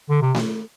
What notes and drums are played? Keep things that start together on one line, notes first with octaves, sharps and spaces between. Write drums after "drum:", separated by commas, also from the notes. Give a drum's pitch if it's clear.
D3
C3
drum: snare A3